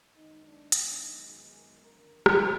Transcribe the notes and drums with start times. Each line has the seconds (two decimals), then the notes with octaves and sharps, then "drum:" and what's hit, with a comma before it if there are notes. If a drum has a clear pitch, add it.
0.16 F#2 D#3 G#3 B3 D#4
0.44 D4
0.72 D4, drum: hi-hat
1.01 D#4
1.28 G#4
1.56 A#4
1.84 D#2 D3 F3 A#4
2.26 B4, drum: rim click